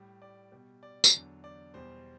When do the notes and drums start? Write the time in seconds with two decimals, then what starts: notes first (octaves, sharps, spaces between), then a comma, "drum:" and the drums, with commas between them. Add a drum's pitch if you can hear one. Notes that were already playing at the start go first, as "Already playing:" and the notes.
Already playing: A2 G3
0.22 D5
0.52 B2 G3
0.83 D5
1.04 drum: tambourine
1.14 E2 D3 F#3
1.44 D5
1.74 E2 B2 G3 C5